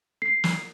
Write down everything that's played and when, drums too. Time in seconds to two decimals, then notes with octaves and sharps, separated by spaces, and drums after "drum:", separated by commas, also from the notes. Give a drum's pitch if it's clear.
0.22 C7
0.44 drum: snare